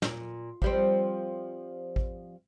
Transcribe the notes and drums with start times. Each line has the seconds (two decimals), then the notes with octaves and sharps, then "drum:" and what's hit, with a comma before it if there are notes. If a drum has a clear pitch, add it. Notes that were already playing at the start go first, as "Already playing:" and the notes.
0.02 A#2, drum: snare
0.62 F3 G3 C4, drum: kick A1
1.96 drum: kick A1